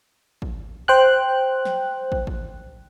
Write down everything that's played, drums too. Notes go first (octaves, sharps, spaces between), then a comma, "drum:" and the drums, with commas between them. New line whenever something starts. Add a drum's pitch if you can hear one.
drum: kick
C5 G5 F#6
drum: snare
drum: kick
drum: kick